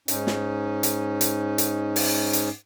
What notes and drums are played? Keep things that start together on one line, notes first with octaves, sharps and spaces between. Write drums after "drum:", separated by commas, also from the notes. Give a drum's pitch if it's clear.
G#2 C#4 D#4, drum: hi-hat
drum: snare
drum: hi-hat
drum: hi-hat
drum: hi-hat
drum: open hi-hat
drum: hi-hat